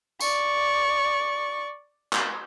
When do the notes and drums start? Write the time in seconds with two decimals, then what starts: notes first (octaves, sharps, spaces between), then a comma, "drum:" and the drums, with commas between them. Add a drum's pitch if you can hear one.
0.21 D5 C#6, drum: tambourine
2.13 drum: clap